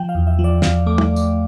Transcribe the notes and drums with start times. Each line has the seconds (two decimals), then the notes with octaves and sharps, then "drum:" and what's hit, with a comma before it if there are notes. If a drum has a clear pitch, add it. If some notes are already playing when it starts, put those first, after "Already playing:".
Already playing: F3 G5
0.09 F5
0.15 E2
0.27 E5
0.39 F3
0.44 D5
0.62 E2 F5, drum: snare
0.86 A3 D6
0.98 drum: tom
1.16 drum: tambourine